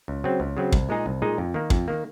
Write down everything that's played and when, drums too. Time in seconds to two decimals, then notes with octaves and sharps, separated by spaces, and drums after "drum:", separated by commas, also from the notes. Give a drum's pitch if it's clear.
0.08 C#2
0.24 C#3 F#3 C4
0.40 C#2
0.57 C#3 F#3 C4
0.72 C2, drum: kick
0.89 A#2 G#3 D#4 G#4
1.06 C2
1.22 A#2 G#3 D#4 G#4
1.38 F2
1.54 D#3 A#3
1.70 F2, drum: kick
1.88 D#3 A#3